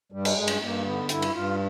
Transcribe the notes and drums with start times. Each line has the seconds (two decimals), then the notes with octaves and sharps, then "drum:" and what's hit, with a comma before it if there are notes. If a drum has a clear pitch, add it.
0.12 G2 G3
0.25 drum: cymbal
0.37 G2 G#3
0.48 drum: cymbal
0.61 G2 A#3
0.85 D3 B3
1.09 G2 E4, drum: hi-hat
1.22 drum: cymbal
1.33 G2 F4